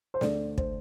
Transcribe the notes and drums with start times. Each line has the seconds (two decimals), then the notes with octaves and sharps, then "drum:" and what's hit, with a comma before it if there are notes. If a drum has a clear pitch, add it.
0.14 C5
0.21 D2 D3 A3 D5, drum: snare
0.58 C5, drum: kick